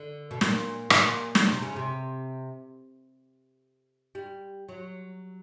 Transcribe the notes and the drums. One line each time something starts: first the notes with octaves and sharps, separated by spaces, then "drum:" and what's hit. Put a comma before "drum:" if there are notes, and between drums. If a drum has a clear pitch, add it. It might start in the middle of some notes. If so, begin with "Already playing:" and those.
Already playing: D3
B2
A#2, drum: snare
B2, drum: rim click
A#2
drum: snare
C3
C#3
C3
G3
F#3